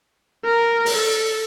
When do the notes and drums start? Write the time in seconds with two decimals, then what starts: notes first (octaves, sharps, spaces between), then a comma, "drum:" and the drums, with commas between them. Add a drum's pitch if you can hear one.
0.45 A#4
0.86 drum: open hi-hat
0.96 A4